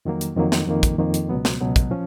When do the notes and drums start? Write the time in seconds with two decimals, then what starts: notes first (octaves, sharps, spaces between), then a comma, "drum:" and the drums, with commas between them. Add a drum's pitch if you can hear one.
0.05 F2 D#3 F#3 A#3
0.21 drum: hi-hat
0.37 F2 D#3 F#3 A#3
0.52 drum: snare
0.68 F2 D#3 A#3
0.83 drum: kick, hi-hat
0.98 F2 D#3 A#3
1.14 drum: hi-hat
1.29 C#2 B2 F#3 B3
1.45 drum: snare
1.61 C#2 B2 F#3 B3
1.76 drum: kick, hi-hat
1.91 F3 C#4